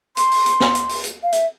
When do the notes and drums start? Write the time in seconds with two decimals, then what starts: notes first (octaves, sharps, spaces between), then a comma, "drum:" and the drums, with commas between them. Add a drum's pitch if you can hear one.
0.17 C6, drum: hi-hat
0.31 drum: open hi-hat
0.46 drum: hi-hat
0.60 drum: snare
0.75 drum: hi-hat
0.89 drum: open hi-hat
1.04 drum: hi-hat
1.23 F5
1.32 E5, drum: hi-hat